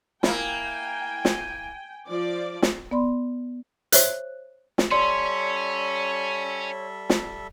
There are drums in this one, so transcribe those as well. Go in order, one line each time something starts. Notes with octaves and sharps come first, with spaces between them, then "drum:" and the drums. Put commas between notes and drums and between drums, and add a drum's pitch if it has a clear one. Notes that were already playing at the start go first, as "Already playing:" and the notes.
A#3 E4 G5 G#5, drum: snare
drum: snare
F3 D5
drum: snare
B3 D5 B5 C6
C5 C#5 E5 F#6, drum: hi-hat
drum: snare
G3 C#4 A4 C#5 D5 E5 C6
drum: snare